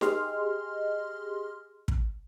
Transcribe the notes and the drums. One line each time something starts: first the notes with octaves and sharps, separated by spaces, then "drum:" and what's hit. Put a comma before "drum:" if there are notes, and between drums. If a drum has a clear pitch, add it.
G4 G#4 D#5 C6 F6, drum: snare D#4
drum: kick